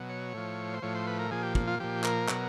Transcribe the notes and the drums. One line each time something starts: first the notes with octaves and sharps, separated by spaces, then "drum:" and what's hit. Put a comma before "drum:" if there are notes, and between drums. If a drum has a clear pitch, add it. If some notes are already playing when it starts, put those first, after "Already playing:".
Already playing: B2 F#3
C#5
A2 F3
C5
A2 F3 C#5
C5
B4
A#4
A#2 F3 G#4
G4
drum: kick
F4
A#2 F3 G4
A#4, drum: clap
B2 F#3, drum: clap